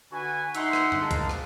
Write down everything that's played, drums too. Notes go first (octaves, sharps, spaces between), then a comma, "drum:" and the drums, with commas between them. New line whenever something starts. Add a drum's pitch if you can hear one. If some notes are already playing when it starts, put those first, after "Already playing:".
D3 F#4 B4 F#5 G#5
D#4 E5 F#5 C6, drum: hi-hat
drum: rim click
drum: tom F2
G#3 A#3 A5
drum: kick, hi-hat
drum: rim click